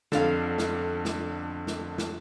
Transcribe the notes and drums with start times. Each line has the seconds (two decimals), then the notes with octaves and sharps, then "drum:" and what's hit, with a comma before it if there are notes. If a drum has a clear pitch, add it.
0.12 F2 D3 A4 F5, drum: snare
0.58 drum: snare
1.05 drum: snare
1.67 drum: snare
1.98 drum: snare